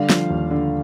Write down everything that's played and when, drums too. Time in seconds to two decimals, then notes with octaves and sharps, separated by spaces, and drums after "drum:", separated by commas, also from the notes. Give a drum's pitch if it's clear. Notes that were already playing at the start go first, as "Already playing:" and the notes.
Already playing: D3 G3 F5
0.10 F3, drum: snare
0.30 D#2
0.51 D3